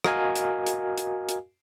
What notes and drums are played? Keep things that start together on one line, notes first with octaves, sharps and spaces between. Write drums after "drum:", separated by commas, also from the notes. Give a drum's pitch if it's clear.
F#4 A#4 D#5 F5 G#5, drum: rim click
drum: hi-hat
drum: hi-hat
drum: hi-hat
drum: hi-hat